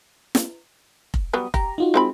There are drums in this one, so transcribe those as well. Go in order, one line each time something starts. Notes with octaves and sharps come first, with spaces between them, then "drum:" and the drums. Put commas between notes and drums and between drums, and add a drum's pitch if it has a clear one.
drum: snare
drum: kick F1
F#3 G3 B3 D#6
G4 A#5, drum: kick F1
D#4 F4 F#4
G#3 C4 B5